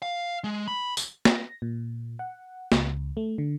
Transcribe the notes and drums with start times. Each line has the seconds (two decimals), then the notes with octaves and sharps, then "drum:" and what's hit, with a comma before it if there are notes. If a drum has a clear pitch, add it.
0.02 F5
0.44 G#3
0.68 B5
0.97 drum: tambourine
1.25 A#6, drum: snare
1.62 A#2
2.19 F#5
2.72 C#2, drum: snare
3.17 A3
3.38 D3